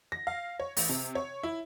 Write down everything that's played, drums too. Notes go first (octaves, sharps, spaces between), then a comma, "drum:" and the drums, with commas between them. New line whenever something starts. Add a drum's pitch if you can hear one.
A#6
F5
C#5
A1, drum: open hi-hat
C3
C#5
E4